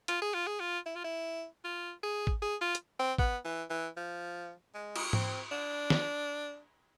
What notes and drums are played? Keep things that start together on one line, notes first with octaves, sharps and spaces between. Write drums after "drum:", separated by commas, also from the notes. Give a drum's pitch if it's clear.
F4, drum: hi-hat
G#4
F4
G#4
F4
E4
F4
E4
F4
G#4
drum: kick
G#4
F4
drum: hi-hat
C4
B3, drum: kick
E3
E3
F3
G#3
drum: cymbal
C4, drum: tom G#2
D4
drum: snare